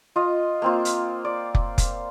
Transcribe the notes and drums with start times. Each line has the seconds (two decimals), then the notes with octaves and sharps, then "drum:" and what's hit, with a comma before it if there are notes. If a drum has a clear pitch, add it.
0.16 F4 D#5
0.62 A#3 C4 F4
0.85 drum: hi-hat
1.25 D5
1.55 drum: kick F1
1.78 drum: kick F1, hi-hat